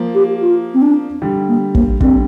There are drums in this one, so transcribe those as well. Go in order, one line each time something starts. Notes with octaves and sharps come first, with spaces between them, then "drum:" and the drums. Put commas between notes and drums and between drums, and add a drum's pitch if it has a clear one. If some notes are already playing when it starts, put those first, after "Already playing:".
Already playing: F3 A#3
G4
F4
C4
D4
D3 G3
A#3
A#3, drum: kick
D3 G3 C4, drum: kick